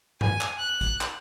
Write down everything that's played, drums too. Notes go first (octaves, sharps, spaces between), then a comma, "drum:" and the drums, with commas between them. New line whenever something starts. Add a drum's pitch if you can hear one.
G#5, drum: tom G2
drum: clap
F#6
drum: kick, hi-hat
drum: clap